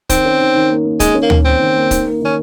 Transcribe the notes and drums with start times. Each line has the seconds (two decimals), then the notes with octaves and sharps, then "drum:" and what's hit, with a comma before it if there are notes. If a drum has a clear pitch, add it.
0.10 D#3 C4, drum: kick, hi-hat
0.25 C#4
0.40 D#3
0.55 D#3
0.70 A#3
0.85 A#3
1.00 D#3 G#3, drum: kick, hi-hat
1.15 C#4
1.22 A#3
1.30 C#4, drum: tom D2
1.45 D#3 C4
1.60 D#3
1.75 A#3
1.91 D#3, drum: kick, hi-hat
2.06 A#3
2.21 D#3 C#4